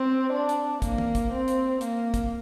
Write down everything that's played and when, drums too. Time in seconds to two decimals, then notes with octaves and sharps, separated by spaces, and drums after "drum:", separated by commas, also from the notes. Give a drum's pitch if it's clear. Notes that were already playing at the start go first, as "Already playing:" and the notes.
Already playing: C4
0.32 D4
0.49 drum: hi-hat
0.82 A#3, drum: kick, hi-hat
0.98 drum: tom
1.15 drum: kick, hi-hat
1.32 C4
1.48 drum: hi-hat
1.81 A#3, drum: hi-hat
2.14 drum: kick, hi-hat